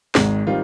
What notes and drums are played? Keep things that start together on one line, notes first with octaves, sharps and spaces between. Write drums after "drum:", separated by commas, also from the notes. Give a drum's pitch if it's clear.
G#1 G#2 D#3 G#3, drum: snare
D#3 G3 C4 F4